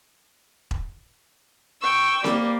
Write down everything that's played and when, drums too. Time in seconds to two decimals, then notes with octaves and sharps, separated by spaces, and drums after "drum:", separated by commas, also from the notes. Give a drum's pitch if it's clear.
0.71 drum: kick E1
1.81 G5 C#6 E6
2.24 G3 A#3, drum: snare C4